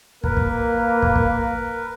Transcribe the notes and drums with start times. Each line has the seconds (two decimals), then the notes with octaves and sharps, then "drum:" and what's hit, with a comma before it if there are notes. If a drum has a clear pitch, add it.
0.24 A#3 A#4 B4, drum: kick
0.37 drum: kick
1.02 drum: kick
1.16 drum: kick